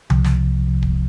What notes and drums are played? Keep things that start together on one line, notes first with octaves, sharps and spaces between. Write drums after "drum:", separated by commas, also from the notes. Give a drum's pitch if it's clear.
C2 C3 F3, drum: tom C#3
drum: snare
C2 C3 F3
drum: kick D1